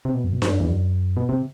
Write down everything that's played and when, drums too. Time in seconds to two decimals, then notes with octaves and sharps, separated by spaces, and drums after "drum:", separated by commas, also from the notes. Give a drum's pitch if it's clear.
0.05 C3
0.14 B2
0.24 F#2
0.33 B2
0.42 G2, drum: snare D4
0.51 F#2
0.60 E2
0.70 F#2
1.17 B2
1.29 C3